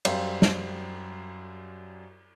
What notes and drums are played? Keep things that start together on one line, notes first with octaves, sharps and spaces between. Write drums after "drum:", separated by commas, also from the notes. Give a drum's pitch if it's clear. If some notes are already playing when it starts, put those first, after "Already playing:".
F#2 G3 C5 F5 G5, drum: cymbal
drum: snare